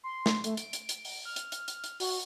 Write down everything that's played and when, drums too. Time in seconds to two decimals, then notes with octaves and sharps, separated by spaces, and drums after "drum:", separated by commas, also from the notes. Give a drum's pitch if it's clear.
0.04 C6
0.26 drum: snare
0.44 A3, drum: hi-hat
0.57 D7, drum: hi-hat
0.73 drum: hi-hat
0.89 drum: hi-hat
1.05 drum: open hi-hat
1.25 F6
1.36 drum: hi-hat
1.52 drum: hi-hat
1.68 drum: hi-hat
1.84 drum: hi-hat
2.00 F#4, drum: open hi-hat